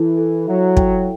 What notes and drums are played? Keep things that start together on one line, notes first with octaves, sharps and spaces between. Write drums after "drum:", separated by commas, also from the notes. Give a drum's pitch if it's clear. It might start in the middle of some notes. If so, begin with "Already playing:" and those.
Already playing: E3 E4 A4
A4
F#3 E5
G5, drum: kick